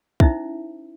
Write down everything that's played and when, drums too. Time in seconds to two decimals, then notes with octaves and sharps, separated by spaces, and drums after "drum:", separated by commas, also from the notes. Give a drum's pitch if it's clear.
0.20 C#4 D#4 E4 C5 E5, drum: kick